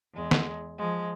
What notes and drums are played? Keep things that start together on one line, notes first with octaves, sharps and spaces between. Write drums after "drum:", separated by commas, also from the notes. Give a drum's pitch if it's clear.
E2 G#3
drum: snare
F3 G#3